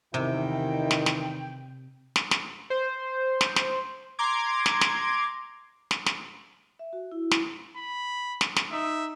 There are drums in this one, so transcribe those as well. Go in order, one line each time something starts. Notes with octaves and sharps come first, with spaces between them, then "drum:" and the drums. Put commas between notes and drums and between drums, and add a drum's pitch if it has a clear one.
E2 C3 D#3 E4 G5
drum: snare
drum: snare
drum: snare
drum: snare
C5
drum: snare
drum: snare
A#5 C6 D6 G#6
drum: snare
drum: snare
drum: snare
drum: snare
E5
F#4
E4
drum: snare
B5
drum: snare
drum: snare
D#4 E5